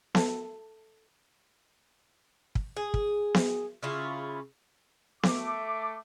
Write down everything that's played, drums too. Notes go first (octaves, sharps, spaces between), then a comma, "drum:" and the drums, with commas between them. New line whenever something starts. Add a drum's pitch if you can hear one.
A4, drum: snare B3
drum: kick
G#4
drum: kick
drum: snare B3
C#3 C#4 E4 F4
A3 D6, drum: snare B3